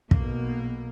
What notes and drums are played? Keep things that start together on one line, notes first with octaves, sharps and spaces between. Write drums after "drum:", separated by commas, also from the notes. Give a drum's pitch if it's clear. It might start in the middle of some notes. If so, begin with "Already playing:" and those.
B1 B2 A#3, drum: kick